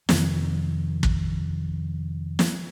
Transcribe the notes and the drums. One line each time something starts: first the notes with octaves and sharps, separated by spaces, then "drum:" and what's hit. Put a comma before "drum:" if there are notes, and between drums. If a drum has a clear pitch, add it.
F2 C3 D#3 F3, drum: snare
drum: kick
drum: snare